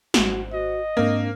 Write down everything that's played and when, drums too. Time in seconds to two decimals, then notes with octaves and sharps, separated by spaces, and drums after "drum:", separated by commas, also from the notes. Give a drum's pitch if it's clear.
0.14 G#1 F#4 C5 F#5, drum: snare
0.53 F#4 D#5
0.97 G#2 A#3 C4 D4